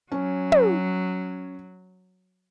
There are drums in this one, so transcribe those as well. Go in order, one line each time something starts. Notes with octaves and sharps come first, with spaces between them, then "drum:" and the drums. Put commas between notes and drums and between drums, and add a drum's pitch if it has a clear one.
F#3 C#4
drum: tom